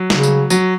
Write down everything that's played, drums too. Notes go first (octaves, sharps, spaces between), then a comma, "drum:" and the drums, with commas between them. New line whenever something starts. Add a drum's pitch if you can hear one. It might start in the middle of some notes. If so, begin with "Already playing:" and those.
Already playing: F#3
C#3, drum: snare
drum: tambourine
F#3, drum: tambourine